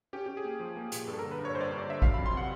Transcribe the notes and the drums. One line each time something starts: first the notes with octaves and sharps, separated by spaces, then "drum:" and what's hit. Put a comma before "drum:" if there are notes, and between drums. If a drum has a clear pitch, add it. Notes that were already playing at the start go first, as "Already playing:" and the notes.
C#4 G4
C#4 G4
G#4
A#3
F3
A#3
A#2, drum: hi-hat
G2 A4
D3 A#4
B4
G2
C#5
G2 C5
D5
G2 C#5
D5
D3 E5
F#3 F5, drum: kick A1
F2 B5
C6
C3 F#5